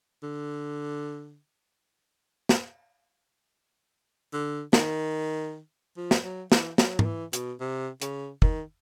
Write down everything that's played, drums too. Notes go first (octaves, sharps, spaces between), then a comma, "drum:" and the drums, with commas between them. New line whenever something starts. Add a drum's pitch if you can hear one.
D3
drum: snare
D3
D#3, drum: snare
F3
drum: snare
F#3
E3, drum: snare
F#3, drum: snare
D#3, drum: tom
E3
B2, drum: hi-hat
C3
C#3, drum: hi-hat
D#3, drum: kick